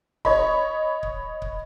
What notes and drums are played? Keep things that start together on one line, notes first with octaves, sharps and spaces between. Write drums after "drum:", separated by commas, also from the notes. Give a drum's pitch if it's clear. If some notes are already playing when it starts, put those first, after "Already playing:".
C#5 D#5 B5, drum: kick C#1
drum: kick C#1
drum: kick C#1